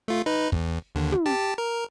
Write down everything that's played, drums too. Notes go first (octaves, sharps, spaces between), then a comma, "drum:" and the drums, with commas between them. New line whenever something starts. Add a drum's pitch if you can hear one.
A3 F4
D#4 B4
E2, drum: kick
D#2 D3
drum: tom
G4 A5
A#4